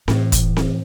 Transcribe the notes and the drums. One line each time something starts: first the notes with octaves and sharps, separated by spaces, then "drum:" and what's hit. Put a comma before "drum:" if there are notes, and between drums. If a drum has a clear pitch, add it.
A2 E3, drum: snare C4
drum: kick, hi-hat
drum: snare C4